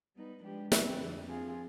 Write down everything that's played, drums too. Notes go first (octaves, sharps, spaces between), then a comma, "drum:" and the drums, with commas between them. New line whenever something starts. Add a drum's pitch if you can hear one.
G3 B3 D#4 B4
F3 G#3 D4 G4 B4
C3 G3 C4 G4 B4, drum: snare
F2 D3 F3
F3 C4 F4 G#4